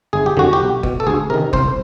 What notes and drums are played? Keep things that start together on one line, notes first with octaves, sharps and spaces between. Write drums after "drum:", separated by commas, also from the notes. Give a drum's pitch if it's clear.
G1 G#4
G4
F2 D3 F3 F#4
G4
B1
B2, drum: kick F#1
A4
D2 G#4
C3 D#3 A#4
C2 C5, drum: kick F#1